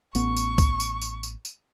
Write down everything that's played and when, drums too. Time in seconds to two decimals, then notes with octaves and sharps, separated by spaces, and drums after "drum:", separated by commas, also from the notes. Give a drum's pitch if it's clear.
0.15 A1 B3 C#6, drum: tambourine
0.37 drum: tambourine
0.58 drum: kick C2, tambourine
0.80 drum: tambourine
1.02 drum: tambourine
1.23 drum: tambourine
1.45 drum: tambourine